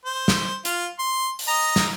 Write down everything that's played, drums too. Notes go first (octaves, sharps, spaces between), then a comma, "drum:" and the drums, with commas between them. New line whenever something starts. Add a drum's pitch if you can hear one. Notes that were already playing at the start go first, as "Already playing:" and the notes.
C5
drum: snare
F4, drum: hi-hat
C6
drum: open hi-hat
D#5 A#5
drum: snare